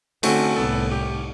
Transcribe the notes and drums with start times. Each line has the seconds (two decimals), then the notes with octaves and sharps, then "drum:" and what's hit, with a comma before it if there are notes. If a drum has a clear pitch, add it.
0.23 D3 A3 C4 C#4 F#4, drum: cymbal
0.56 C2 A2 B3 A4
0.92 G4